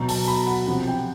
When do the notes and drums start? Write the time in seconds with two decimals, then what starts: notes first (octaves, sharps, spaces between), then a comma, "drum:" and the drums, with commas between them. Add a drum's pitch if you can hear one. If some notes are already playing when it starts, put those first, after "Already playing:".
Already playing: B2 F#3 A#5
0.09 A5, drum: open hi-hat
0.28 B5
0.47 F#5
0.67 C3 F3 F#5
0.87 G5